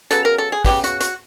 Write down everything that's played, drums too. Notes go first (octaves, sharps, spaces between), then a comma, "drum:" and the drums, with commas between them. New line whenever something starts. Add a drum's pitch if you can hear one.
C#3 F#3 B3 A4, drum: hi-hat
A#4
A4
G#4
C#3 F#3 B3 G4, drum: kick, open hi-hat
F#4, drum: hi-hat
F#4, drum: hi-hat